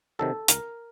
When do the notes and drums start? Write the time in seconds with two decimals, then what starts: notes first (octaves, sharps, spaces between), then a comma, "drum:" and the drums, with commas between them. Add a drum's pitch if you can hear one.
0.19 C3 D#3 F#3 A4
0.48 C#2 A#4, drum: hi-hat